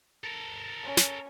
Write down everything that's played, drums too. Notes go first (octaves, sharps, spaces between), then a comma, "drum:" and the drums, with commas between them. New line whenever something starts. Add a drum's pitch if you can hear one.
A4 A#4
C#4
drum: snare